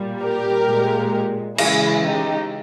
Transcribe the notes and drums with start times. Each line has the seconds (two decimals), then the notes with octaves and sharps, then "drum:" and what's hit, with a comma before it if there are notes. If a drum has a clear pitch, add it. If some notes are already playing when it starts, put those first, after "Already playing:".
Already playing: A#2 G3
0.22 G4 A#4
0.67 A#2 G#3
1.58 C#3 E3 G#3 E4 G#4, drum: cymbal
2.04 D#4 G4